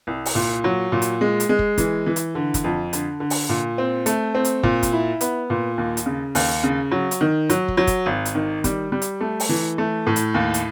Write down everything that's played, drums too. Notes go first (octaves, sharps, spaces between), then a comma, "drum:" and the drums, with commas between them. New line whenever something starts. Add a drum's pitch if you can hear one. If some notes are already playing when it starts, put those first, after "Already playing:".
C2
drum: open hi-hat
A#2
F#3
A#2
drum: hi-hat
G#3
drum: hi-hat
G#3
drum: kick
E3, drum: kick, hi-hat
E3
drum: hi-hat
D3
drum: kick, hi-hat
F2
D3, drum: hi-hat
D3
drum: open hi-hat
A#2
C4
A3, drum: hi-hat
C4
drum: hi-hat
A#2, drum: kick
drum: kick, hi-hat
E4
B3, drum: hi-hat
A#2
D#2
drum: hi-hat
C#3
D#2, drum: open hi-hat
C#3
F#3
drum: hi-hat
D#3
F#3, drum: hi-hat
drum: kick
F#3
drum: kick, hi-hat
G#1
drum: hi-hat
D#3
G3, drum: kick, hi-hat
G3
drum: hi-hat
A3
drum: open hi-hat
E3
A3
A2
drum: hi-hat
D#2
drum: hi-hat